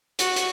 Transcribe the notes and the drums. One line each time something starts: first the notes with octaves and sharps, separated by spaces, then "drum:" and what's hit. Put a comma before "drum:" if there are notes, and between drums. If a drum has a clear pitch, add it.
F#4, drum: hi-hat
drum: hi-hat